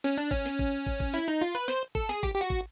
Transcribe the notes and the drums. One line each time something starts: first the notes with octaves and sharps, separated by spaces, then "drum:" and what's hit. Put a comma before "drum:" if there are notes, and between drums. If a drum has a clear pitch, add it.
C#4, drum: snare
D4
C#4, drum: kick
drum: snare
drum: kick
drum: kick
drum: kick
E4
D#4
F4
B4
C5, drum: snare
A4, drum: kick
G#4, drum: snare
G4, drum: kick
G4
F#4
drum: kick